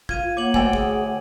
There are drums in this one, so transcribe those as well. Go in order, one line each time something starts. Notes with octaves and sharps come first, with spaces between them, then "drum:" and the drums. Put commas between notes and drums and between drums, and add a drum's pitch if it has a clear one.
F4 F5 G#6 D#7, drum: kick
A#3 C#5 F#5 D6 G#6 F#7
D2 A3 G5 G#5, drum: kick
G#4, drum: kick